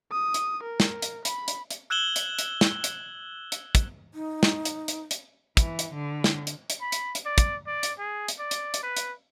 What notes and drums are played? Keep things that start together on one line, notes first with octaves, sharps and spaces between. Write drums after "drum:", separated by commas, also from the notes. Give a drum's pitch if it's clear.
D#6
drum: hi-hat
A#4
drum: snare
drum: hi-hat
B5, drum: hi-hat
drum: hi-hat
drum: hi-hat
E6 F#6 G#6 E7 F#7 G7
drum: hi-hat
drum: hi-hat
drum: snare
drum: hi-hat
drum: hi-hat
drum: kick, hi-hat
D#4
drum: snare
drum: hi-hat
drum: hi-hat
drum: hi-hat
E3, drum: kick, hi-hat
drum: hi-hat
D3
drum: snare
drum: hi-hat
drum: hi-hat
B5
drum: hi-hat
drum: hi-hat
D5
drum: kick, hi-hat
D5
drum: hi-hat
G#4
drum: hi-hat
D5
drum: hi-hat
drum: hi-hat
B4
drum: hi-hat